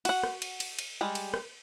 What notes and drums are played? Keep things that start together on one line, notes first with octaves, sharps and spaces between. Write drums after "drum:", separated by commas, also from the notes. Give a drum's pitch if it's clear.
F#4 F#5, drum: cymbal
drum: rim click
drum: cymbal
drum: cymbal
drum: cymbal
G3 G#3
drum: cymbal
drum: rim click